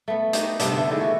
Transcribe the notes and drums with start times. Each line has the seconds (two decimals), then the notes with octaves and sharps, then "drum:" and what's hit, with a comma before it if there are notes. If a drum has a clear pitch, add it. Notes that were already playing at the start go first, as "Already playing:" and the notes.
0.08 A3 B3
0.33 D#4 F#4 G4 D#5, drum: hi-hat
0.59 G2 C3 B3 D4, drum: hi-hat
0.72 D3 A3
0.90 D#3 E3 G#3 A3
1.01 F#4